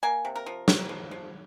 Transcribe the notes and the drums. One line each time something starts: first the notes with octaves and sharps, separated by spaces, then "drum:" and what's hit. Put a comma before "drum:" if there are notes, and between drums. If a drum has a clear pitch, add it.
A#3 G#5
C3
A#4
F3
A#3, drum: snare
F3
F3